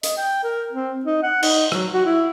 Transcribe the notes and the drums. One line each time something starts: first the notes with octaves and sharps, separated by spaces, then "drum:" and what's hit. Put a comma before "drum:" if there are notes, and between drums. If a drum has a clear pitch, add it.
D#5, drum: hi-hat
G5
A#4
C4
D#4
F#5
D#4, drum: cymbal
F#3, drum: rim click
F#4
E4